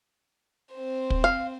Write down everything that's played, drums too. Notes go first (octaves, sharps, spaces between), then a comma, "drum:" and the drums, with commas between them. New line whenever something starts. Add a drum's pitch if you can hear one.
C4 C5
drum: kick
F5